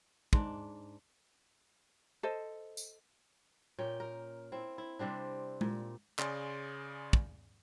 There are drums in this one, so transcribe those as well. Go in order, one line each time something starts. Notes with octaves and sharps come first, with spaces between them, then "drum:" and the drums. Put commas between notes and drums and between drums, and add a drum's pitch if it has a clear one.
G#2 D4, drum: kick
A4 C5 D#5
drum: tambourine
A#2 C#4 G5
A#4
C4 E4
E4
C3 G3 C4 D4
A#2, drum: tom G#3
C#3 G#4 D5 C6, drum: clap
drum: kick